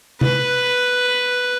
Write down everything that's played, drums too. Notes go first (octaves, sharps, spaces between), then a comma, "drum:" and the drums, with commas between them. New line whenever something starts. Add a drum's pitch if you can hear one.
B4, drum: tom C3